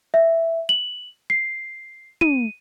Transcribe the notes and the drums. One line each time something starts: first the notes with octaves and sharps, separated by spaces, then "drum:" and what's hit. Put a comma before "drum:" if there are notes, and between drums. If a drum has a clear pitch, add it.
E5
F#7
C7
D#7, drum: tom